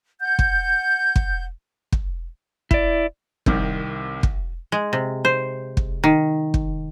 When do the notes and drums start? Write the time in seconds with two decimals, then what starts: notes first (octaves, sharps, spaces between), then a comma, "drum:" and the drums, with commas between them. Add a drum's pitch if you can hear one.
0.21 F#5 G6
0.39 drum: kick
1.16 drum: kick
1.92 drum: kick
2.71 E4 D5, drum: kick
3.46 C2 C3 D#3, drum: kick
4.23 drum: kick
4.72 G#3
4.93 C3
5.25 C5
5.77 drum: kick
6.04 D#3
6.54 drum: kick